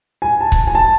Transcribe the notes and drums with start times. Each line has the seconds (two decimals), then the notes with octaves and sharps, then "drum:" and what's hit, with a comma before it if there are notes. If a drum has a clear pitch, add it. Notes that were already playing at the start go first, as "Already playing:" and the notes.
0.22 G#5
0.41 A5
0.52 drum: kick C#1
0.67 G#5
0.75 A5